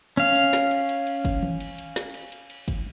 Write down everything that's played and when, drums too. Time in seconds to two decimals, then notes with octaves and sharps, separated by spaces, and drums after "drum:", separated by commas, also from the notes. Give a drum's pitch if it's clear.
0.17 C#4 F5, drum: cymbal
0.35 drum: cymbal
0.53 drum: snare
0.71 drum: cymbal
0.89 drum: cymbal
1.07 drum: cymbal
1.25 drum: kick, cymbal
1.43 drum: tom D#3
1.60 drum: cymbal
1.78 drum: cymbal
1.96 drum: snare
2.14 drum: cymbal
2.32 drum: cymbal
2.50 drum: cymbal
2.68 drum: kick, cymbal